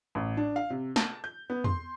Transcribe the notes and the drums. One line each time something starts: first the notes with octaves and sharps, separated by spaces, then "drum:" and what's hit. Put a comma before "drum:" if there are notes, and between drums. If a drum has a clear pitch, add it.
A1
D4
F5
C3
A5, drum: snare
G6
B3
C6, drum: tom E2